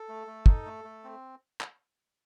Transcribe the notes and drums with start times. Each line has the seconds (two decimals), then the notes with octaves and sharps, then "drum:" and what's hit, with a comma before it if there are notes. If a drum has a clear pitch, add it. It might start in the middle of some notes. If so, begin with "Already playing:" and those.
Already playing: A4
0.09 A3
0.27 A3
0.46 D#4, drum: kick
0.66 A3
0.84 A3
1.04 C4
1.61 drum: clap